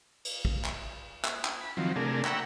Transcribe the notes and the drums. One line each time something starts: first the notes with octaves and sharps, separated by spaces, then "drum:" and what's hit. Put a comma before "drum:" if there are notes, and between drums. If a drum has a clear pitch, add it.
drum: cymbal
drum: kick
drum: clap
drum: clap
drum: clap
B5
D#3 F3 F#3 C4
C3 A3 D4 G#4 A#4
F#5 G5 A#5 B5 C#6 E6, drum: clap